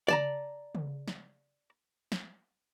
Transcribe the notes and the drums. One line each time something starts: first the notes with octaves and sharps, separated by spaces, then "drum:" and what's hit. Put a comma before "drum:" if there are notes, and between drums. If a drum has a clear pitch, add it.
D5 A5 A#5, drum: tom C#3
drum: tom C#3
drum: snare
drum: snare